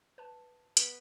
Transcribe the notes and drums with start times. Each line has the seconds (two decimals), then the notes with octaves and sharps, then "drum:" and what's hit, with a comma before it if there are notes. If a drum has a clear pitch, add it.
0.18 B4 A5
0.77 B3, drum: hi-hat